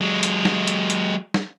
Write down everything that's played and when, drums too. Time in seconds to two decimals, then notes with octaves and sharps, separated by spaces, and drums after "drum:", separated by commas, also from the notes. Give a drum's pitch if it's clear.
0.01 F#3 G#3
0.23 drum: hi-hat
0.45 drum: snare
0.67 drum: hi-hat
0.90 drum: hi-hat
1.34 drum: snare